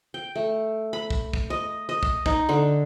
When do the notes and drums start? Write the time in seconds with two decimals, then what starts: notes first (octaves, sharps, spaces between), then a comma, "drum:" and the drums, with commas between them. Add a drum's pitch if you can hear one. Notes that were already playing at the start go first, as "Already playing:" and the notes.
0.14 G5
0.35 A3
0.93 B5
1.10 drum: kick
1.33 drum: kick
1.50 D#5
1.89 D#5
2.03 drum: kick
2.26 D#4, drum: kick
2.49 D3